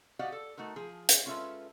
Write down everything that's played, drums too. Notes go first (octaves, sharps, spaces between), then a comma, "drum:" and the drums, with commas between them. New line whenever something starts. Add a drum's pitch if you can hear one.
F#4 G4 D5 D#5 F5 F#5
A4
A3 D#4 F#4 A#4
F3 G#4
drum: hi-hat
G#3 C#4 F4 A4 B4 E5